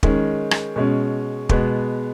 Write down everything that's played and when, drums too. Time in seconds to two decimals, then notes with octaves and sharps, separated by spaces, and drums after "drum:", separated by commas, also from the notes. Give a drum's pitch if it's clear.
0.03 D#3 G#3 C#4, drum: kick
0.51 drum: rim click
0.76 B2 G#3 C#4
1.49 B2 G#3 B3, drum: kick